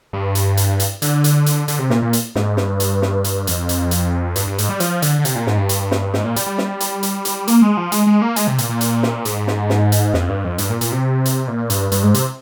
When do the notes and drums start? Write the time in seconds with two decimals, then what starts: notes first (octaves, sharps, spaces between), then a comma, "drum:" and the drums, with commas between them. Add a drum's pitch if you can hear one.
0.13 G2
0.35 drum: hi-hat
0.57 drum: hi-hat
0.80 drum: hi-hat
1.02 D3, drum: hi-hat
1.24 drum: hi-hat
1.46 drum: hi-hat
1.68 D3, drum: hi-hat
1.79 C3
1.90 A#2, drum: snare
2.02 A#2
2.13 drum: hi-hat
2.35 G#2, drum: snare
2.57 G2, drum: snare
2.80 drum: hi-hat
3.02 drum: snare
3.24 drum: hi-hat
3.47 F2, drum: hi-hat
3.69 drum: hi-hat
3.91 drum: hi-hat
4.36 G2, drum: hi-hat
4.47 G2
4.58 G#2, drum: hi-hat
4.69 G3
4.80 F3, drum: hi-hat
5.02 D3, drum: hi-hat
5.19 D3
5.25 C3, drum: hi-hat
5.36 A#2
5.47 G#2, drum: snare
5.57 G2
5.69 drum: hi-hat
5.91 drum: snare
6.14 G#2, drum: snare
6.24 A#2
6.36 G3, drum: hi-hat
6.46 G3
6.58 drum: snare
6.80 drum: hi-hat
7.03 drum: hi-hat
7.25 drum: hi-hat
7.48 A#3, drum: hi-hat
7.62 G#3
7.77 F3
7.92 G#3, drum: hi-hat
8.07 G#3
8.22 A#3
8.36 G#3, drum: hi-hat
8.47 C3
8.58 A#2, drum: hi-hat
8.69 A#2
8.81 drum: hi-hat
9.03 drum: snare
9.25 G#2, drum: hi-hat
9.47 drum: snare
9.70 drum: snare
9.92 drum: hi-hat
10.14 F2, drum: snare
10.29 G2
10.44 F2
10.58 G2, drum: hi-hat
10.70 A#2
10.81 A#2, drum: hi-hat
10.92 C3
11.25 drum: hi-hat
11.48 A#2
11.70 G2, drum: hi-hat
11.92 G2, drum: hi-hat
12.03 G#2
12.14 C3, drum: hi-hat